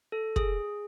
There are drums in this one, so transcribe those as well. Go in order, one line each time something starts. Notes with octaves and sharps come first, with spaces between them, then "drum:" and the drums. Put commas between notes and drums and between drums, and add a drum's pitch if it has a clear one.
A4
G#4, drum: kick